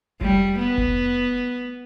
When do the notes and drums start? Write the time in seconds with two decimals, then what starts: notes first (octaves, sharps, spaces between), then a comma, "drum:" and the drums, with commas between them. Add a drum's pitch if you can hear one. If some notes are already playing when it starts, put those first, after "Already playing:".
0.21 G3, drum: kick F1
0.59 B3
0.78 drum: kick F1